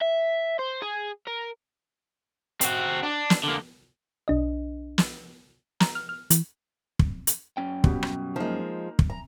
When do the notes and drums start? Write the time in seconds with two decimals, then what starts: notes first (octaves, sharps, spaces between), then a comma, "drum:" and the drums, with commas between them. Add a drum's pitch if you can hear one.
0.01 E5
0.59 C5
0.82 G#4
1.27 A#4
2.61 C4 F#4, drum: hi-hat
3.03 D4
3.30 drum: snare
3.44 D3 A#3
4.28 B1 D4 D#5
4.98 drum: snare
5.80 A#5, drum: snare
5.95 F6
6.09 F6
6.30 E3, drum: hi-hat
6.99 drum: kick
7.27 drum: hi-hat
7.57 F#2 C#4 G5
7.84 B2 G3 G4, drum: kick
8.03 drum: rim click
8.36 F3 G#3 A#3 D#4
8.99 drum: kick
9.10 A#5